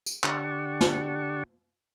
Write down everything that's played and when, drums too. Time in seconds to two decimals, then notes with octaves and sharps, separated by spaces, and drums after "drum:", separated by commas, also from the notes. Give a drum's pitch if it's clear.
0.06 drum: tambourine
0.24 D3 G4 D5 F#5 A5 C#6, drum: clap
0.81 drum: snare